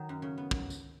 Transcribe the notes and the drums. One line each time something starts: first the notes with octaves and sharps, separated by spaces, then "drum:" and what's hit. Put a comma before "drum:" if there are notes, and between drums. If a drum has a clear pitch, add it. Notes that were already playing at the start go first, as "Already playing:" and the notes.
Already playing: D#3 F#3 D#4
F#2
C#3
B3
drum: kick
drum: tambourine